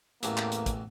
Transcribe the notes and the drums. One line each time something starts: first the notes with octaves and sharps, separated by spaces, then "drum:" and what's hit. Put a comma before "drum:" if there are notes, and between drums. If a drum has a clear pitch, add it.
A1 E2 A2 A#3, drum: hi-hat
drum: clap
drum: hi-hat
drum: kick, hi-hat